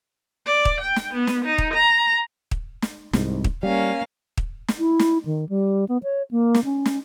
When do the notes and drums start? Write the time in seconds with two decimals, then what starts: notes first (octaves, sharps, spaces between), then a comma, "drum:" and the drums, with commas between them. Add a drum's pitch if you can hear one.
0.46 D5
0.65 drum: kick
0.81 G5
0.96 drum: snare
1.13 B3
1.27 drum: snare
1.45 D#4
1.58 drum: kick
1.74 A#5
2.51 drum: kick
2.82 drum: snare
3.13 C2 G#2, drum: snare
3.44 drum: kick
3.63 G3 A#3 C#4 F5
4.37 drum: kick
4.68 drum: snare
4.79 E4
4.99 drum: snare
5.26 D#3
5.49 G3
5.89 B3
6.03 C#5
6.31 A#3
6.55 drum: snare
6.64 C#4
6.86 drum: snare